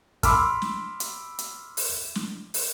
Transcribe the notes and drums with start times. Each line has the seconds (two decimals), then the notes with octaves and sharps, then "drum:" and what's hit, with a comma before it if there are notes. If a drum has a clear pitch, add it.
0.23 B5 C6 D6 E6 F6, drum: kick, hi-hat
0.62 drum: snare
1.00 drum: hi-hat
1.39 drum: hi-hat
1.77 drum: open hi-hat
2.15 drum: snare
2.54 drum: open hi-hat